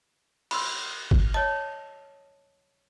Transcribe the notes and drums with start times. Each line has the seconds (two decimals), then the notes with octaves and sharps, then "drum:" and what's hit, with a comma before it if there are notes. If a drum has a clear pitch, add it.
0.51 B5 C6 E6, drum: cymbal
1.11 drum: kick
1.34 C#5 D#5 A5